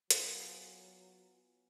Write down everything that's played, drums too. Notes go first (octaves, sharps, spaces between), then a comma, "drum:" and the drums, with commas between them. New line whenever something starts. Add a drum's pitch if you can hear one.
F#3 B3 F4 C5 G#5, drum: hi-hat